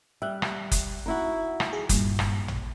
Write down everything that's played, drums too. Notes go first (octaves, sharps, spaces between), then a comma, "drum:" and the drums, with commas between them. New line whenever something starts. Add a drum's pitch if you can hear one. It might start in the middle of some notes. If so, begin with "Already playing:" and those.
G3 E5 F#6
drum: rim click
drum: kick F#1, hi-hat
D#4 E4 F#4
drum: rim click
G#4
G2 A#2, drum: kick F#1, hi-hat
drum: rim click
drum: tom A1